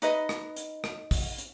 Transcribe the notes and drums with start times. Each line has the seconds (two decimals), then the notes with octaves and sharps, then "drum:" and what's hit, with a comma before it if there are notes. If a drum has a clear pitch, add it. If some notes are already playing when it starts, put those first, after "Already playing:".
0.02 D#4 B4 D#5, drum: hi-hat
0.29 drum: rim click
0.56 drum: hi-hat
0.84 drum: rim click
1.11 drum: kick, open hi-hat
1.38 drum: hi-hat